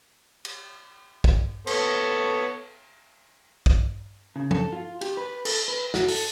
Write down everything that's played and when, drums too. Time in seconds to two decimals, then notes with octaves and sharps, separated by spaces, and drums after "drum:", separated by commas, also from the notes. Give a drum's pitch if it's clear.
0.45 drum: cymbal
1.24 drum: kick
1.67 B3 A4 C#5, drum: cymbal
3.66 drum: kick
4.36 C#3
4.51 A4, drum: tom F3
4.73 F4
5.01 G4, drum: cymbal
5.17 B4
5.45 A4, drum: cymbal
5.68 B4
5.94 F#4, drum: snare
6.08 A4, drum: open hi-hat